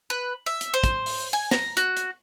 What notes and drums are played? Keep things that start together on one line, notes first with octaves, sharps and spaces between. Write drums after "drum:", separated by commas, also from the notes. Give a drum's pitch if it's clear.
B4
E5
drum: hi-hat
C5
drum: kick, hi-hat
drum: open hi-hat
G#5
A#5, drum: snare
F#4, drum: hi-hat
drum: hi-hat